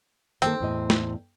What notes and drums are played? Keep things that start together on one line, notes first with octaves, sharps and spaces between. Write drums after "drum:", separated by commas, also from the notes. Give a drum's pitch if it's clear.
D#3 A#3 C4 A4, drum: hi-hat
E2 A2 D#5
drum: snare